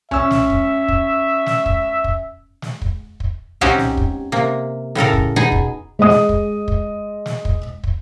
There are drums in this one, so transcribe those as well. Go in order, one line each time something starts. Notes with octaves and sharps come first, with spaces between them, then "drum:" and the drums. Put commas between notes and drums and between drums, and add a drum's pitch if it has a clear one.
C#4 E5 E6, drum: tom C2
drum: snare
drum: kick
drum: kick
drum: snare
drum: kick
drum: kick
drum: snare
drum: kick
drum: kick
C4 C#4 D#4 F#4 G4, drum: tom C2
drum: snare
drum: kick
C3 A#3
A2 C#3 A4 A#4, drum: snare
drum: kick
B2 D#4 G#4
drum: kick
G#3 D#5 D#6
drum: snare
drum: kick
drum: kick
drum: snare
drum: kick
drum: kick